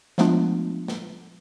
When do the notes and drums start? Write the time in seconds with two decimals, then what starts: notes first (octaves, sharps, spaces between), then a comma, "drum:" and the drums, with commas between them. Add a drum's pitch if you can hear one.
0.18 F3 G#3 A3 B3 D4 F4, drum: snare
0.88 drum: snare